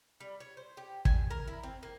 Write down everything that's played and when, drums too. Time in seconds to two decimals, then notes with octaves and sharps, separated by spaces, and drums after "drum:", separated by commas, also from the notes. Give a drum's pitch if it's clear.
0.20 G3
0.40 C#5
0.57 C5
0.77 G4
1.05 G#5, drum: kick
1.31 A#4
1.48 E4
1.63 C4
1.83 A#3